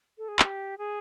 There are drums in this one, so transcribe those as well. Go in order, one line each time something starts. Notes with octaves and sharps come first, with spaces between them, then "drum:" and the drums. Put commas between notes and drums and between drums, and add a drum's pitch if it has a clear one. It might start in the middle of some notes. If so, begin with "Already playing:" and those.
A4
G#4
G4, drum: clap
G#4